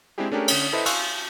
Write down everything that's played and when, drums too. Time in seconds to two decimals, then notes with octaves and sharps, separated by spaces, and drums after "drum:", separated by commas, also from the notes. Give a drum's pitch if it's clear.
0.18 G#3 C4 D4 E4 G4 G#4
0.32 A3 C#4 D4 G4 G#4 A#4
0.48 D3 C#4, drum: cymbal
0.73 E4 A4 B4 C5 D#5 E5
0.86 F5 G#5 C6 C#6 E6 F#6, drum: cymbal